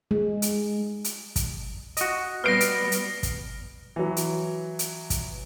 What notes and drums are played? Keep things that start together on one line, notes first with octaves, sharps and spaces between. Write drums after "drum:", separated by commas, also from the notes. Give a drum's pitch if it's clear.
G#3
drum: hi-hat
drum: hi-hat
drum: kick, hi-hat
F#4 D#5, drum: hi-hat
G3 B3 B4 F6 A#6 C7 D7
drum: hi-hat
drum: hi-hat
drum: kick, hi-hat
E3 F#3
drum: hi-hat
drum: hi-hat
drum: kick, hi-hat